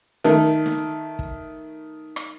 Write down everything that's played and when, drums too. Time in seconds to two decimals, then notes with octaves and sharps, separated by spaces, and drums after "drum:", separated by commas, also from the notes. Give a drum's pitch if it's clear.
0.24 D#3 A3, drum: snare
0.66 drum: snare
1.19 drum: kick
2.16 drum: rim click